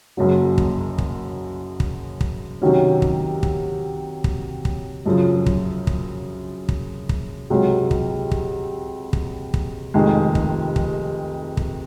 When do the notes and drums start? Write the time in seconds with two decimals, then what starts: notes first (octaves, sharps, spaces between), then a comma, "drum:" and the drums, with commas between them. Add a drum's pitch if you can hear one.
0.17 F#1 F#2 C#3 F#3
0.58 drum: kick
0.98 drum: kick
1.80 drum: kick
2.21 drum: kick
2.62 C3 D#3 F#3 C#4
3.02 drum: kick
3.43 drum: kick
4.24 drum: kick
4.65 drum: kick
5.06 F#2 C#3 F3
5.46 drum: kick
5.87 drum: kick
6.69 drum: kick
7.09 drum: kick
7.50 C#2 C3 F#3
7.91 drum: kick
8.31 drum: kick
9.13 drum: kick
9.54 drum: kick
9.94 F1 F2 C3 D#3 G#3
10.35 drum: kick
10.76 drum: kick
11.57 drum: kick